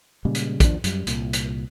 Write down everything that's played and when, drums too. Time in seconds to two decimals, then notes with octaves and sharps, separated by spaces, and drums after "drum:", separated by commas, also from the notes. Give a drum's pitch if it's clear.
0.25 A#2 C#3 G3 G#3
0.35 drum: hi-hat
0.60 D#2 F3 D4, drum: kick, hi-hat
0.84 F#2 G3, drum: hi-hat
1.07 C2 A#2, drum: hi-hat
1.33 drum: hi-hat